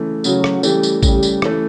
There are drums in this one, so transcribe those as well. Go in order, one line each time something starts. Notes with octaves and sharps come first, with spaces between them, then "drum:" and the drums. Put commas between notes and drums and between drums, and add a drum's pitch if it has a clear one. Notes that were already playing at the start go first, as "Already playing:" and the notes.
Already playing: C#3 E3 A3
C#3 F#3 F#4, drum: tambourine
drum: rim click
E3 G3 A3 G4, drum: tambourine
drum: tambourine
C#3 G3 G4, drum: kick A1, tambourine
drum: tambourine
E3 A3, drum: rim click